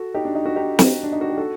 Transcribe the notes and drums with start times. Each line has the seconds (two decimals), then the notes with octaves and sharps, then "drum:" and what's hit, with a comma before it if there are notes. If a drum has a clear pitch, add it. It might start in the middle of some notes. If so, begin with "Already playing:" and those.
Already playing: F#4 A4
0.15 D#4 G4
0.25 D4
0.35 D#4
0.46 F#4
0.56 D#4 G4
0.79 drum: snare
1.03 D4
1.12 D#4
1.21 F#4
1.30 G4
1.38 F#4 A4